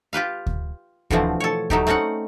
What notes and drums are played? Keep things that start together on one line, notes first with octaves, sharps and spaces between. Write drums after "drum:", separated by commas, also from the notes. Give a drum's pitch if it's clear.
F4 G4 B4 F5
drum: kick D2
B2 D3 E3 F3 A3 C4, drum: kick D2
A4 C#5
F#3 A3 D#4 G4, drum: kick D2
A3 C4 C#4 D#4 F#5